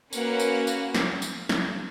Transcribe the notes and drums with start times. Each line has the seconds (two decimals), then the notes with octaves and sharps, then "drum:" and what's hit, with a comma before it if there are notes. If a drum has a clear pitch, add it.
0.13 A#3 C#4 F#4 B4 F#5, drum: tambourine
0.40 drum: tambourine
0.67 drum: tambourine
0.94 drum: snare
1.22 drum: tambourine
1.49 drum: snare